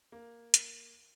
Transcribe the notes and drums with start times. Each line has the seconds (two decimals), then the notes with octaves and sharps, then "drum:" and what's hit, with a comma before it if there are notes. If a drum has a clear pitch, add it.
0.12 A#3
0.54 drum: hi-hat